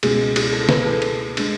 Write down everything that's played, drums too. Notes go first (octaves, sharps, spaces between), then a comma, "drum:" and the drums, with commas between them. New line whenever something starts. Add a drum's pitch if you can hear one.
C#2 B2 G#3 G#4, drum: cymbal
G#4, drum: cymbal
A4
B4, drum: snare
A4
drum: cymbal
D3 G#3, drum: cymbal